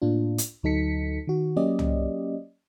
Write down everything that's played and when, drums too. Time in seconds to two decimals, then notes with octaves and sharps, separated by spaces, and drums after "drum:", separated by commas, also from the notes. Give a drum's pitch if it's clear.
0.02 A2 A#3 D4 F4
0.38 drum: hi-hat
0.63 D2 F#3 D#4 A4 B6 C#7
1.27 D#3 F#4
1.56 F#3 A#3 C#4 G4 D5 D#5
1.79 drum: tom